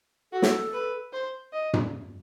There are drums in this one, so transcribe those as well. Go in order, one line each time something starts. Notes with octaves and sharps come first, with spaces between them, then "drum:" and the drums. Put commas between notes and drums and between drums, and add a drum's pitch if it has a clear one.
F#4 A4
drum: snare
B4
C5
D#5
drum: tom